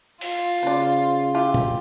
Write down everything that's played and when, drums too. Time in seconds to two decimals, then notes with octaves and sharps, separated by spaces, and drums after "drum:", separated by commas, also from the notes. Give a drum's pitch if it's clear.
0.21 F4, drum: open hi-hat
0.63 C#3 C5 D5
1.35 E4 F4 G4
1.54 drum: tom A#2